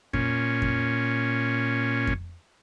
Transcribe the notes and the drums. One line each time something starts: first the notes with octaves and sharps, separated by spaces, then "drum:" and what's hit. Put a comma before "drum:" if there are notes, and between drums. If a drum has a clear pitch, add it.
A#2 C#4, drum: kick F2
drum: kick F2
drum: kick F2